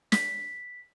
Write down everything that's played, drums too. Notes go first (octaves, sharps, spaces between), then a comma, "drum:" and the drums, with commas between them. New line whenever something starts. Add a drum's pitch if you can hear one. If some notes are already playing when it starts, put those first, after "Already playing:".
B6, drum: snare